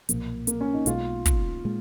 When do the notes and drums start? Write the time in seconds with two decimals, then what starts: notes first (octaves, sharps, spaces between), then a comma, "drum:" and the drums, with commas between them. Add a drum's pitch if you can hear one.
0.09 B1 A#2 F3 A#3, drum: hi-hat
0.47 A#3, drum: hi-hat
0.61 C#4
0.74 D#4
0.86 B1 B2 G#3 C#4 F4, drum: hi-hat
1.26 drum: kick, hi-hat
1.65 A#2 G#3